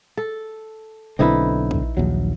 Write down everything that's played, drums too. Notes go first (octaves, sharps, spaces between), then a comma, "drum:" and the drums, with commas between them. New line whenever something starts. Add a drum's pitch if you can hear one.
A4
B1 D3 C4 D#4 E4 B4
drum: kick
A#1 D#2 F#3